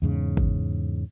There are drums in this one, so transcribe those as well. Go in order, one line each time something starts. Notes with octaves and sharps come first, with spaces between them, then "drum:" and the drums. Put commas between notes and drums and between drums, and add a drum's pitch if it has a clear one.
E2 G#2 C#3
drum: kick